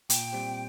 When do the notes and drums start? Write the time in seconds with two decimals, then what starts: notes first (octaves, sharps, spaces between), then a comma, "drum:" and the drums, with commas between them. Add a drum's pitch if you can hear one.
0.10 A#2 G5, drum: hi-hat
0.32 G3 C4 G4 C5